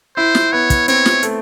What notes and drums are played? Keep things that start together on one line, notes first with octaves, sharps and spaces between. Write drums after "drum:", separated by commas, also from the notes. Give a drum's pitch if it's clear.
E4 C5
drum: snare
B3 C#5
drum: kick, hi-hat
C4 C#5, drum: hi-hat
drum: snare
A3, drum: hi-hat